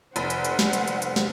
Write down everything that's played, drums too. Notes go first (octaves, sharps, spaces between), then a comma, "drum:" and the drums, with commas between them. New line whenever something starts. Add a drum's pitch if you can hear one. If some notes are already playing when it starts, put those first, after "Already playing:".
F1 C5 F#5, drum: hi-hat
drum: hi-hat
drum: hi-hat
drum: snare
drum: hi-hat
drum: hi-hat
drum: hi-hat
drum: snare